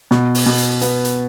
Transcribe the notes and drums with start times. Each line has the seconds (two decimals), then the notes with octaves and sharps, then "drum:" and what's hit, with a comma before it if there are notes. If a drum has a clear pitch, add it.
0.11 B2, drum: snare
0.35 drum: open hi-hat
0.46 B2
0.58 drum: hi-hat
0.81 B3, drum: hi-hat
1.05 drum: hi-hat